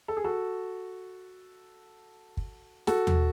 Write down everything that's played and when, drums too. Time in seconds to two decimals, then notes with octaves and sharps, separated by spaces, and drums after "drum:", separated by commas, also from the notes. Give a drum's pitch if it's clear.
0.08 A4
0.17 G#4
0.24 F#4 A4
2.37 drum: kick
2.87 F#4 A4, drum: snare
3.07 drum: tom D#2